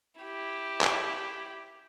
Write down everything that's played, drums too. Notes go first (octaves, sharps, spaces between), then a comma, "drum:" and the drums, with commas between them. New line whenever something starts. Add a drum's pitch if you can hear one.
E4 G4
drum: clap